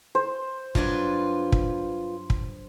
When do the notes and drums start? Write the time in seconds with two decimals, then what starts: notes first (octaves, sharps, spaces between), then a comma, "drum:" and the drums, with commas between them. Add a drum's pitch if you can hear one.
0.15 C5
0.75 G2 F#3 F4 B4 D5, drum: kick
1.52 drum: kick
2.30 drum: kick